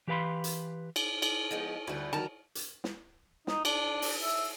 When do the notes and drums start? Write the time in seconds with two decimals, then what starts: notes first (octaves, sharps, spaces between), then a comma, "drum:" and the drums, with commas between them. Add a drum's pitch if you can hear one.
0.08 E3 G4 B4 F5 B5 C6
0.44 drum: hi-hat
0.96 drum: cymbal
1.22 drum: cymbal
1.51 F3 G#3 B3
1.87 D2 G3 B4
2.13 D#3 F#3 G4 A#4 A5
2.55 drum: hi-hat
2.84 drum: snare
3.47 D#4, drum: snare
3.65 D4, drum: cymbal
4.02 drum: open hi-hat
4.23 E5